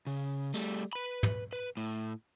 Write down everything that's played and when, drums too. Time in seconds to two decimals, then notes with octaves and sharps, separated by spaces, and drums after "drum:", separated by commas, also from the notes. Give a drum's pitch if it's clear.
0.07 C#3, drum: open hi-hat
0.54 G3 A3, drum: tambourine
0.93 B4 B5
1.23 drum: tom
1.53 B4
1.77 A2